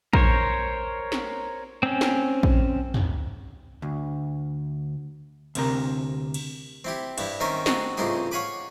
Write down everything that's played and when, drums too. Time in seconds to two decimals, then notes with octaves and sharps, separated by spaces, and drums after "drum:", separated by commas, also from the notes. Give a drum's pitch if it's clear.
0.13 A#4 C5 C#5, drum: kick A#1
1.12 drum: snare
1.83 C4 C#4
2.01 drum: snare
2.43 drum: kick A#1
2.94 drum: tom
3.82 D2
5.55 D2 C3 A#4, drum: cymbal
6.34 drum: cymbal
6.85 C4 E4 G4
7.18 G2 E4, drum: cymbal
7.40 D#3 C4 C#4 A#4 E5
7.66 C4 D#4 F#4 G#4, drum: snare
7.97 C#2 A2 C4 D#4 G4 G#4
8.31 C#5 F5 F#5 G#5 B5 D6